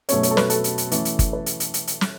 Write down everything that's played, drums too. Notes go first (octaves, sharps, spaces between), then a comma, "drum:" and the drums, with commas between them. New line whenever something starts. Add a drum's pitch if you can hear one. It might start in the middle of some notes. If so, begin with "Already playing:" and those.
B2 F#3 A3 C#4 C#5, drum: hi-hat
C#5, drum: hi-hat
A4
B4, drum: snare
A4, drum: hi-hat
drum: hi-hat
drum: hi-hat
E3 A3 C#4, drum: hi-hat
drum: hi-hat
drum: kick G1, hi-hat
B4
drum: hi-hat
drum: hi-hat
drum: hi-hat
drum: hi-hat
drum: snare